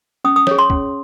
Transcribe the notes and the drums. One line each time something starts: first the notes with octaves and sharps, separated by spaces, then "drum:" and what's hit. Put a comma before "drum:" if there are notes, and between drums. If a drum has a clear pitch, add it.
C#4 D#6
D#6
G#4 C#5, drum: snare
C6
C#4, drum: kick